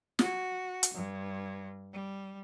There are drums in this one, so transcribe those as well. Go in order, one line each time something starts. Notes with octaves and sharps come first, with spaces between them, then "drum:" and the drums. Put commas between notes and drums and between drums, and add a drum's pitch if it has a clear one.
F#4, drum: snare
drum: hi-hat
G2
G3